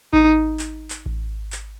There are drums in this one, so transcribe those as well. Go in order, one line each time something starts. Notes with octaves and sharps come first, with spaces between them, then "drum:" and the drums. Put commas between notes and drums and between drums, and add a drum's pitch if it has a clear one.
D#4, drum: kick A1
drum: clap
drum: clap
drum: kick A1
drum: clap